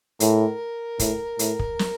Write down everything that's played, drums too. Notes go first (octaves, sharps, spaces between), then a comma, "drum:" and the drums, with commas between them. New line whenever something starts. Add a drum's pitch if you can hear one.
A2 A#4, drum: hi-hat
A2, drum: kick, hi-hat
A2, drum: hi-hat
drum: kick
drum: snare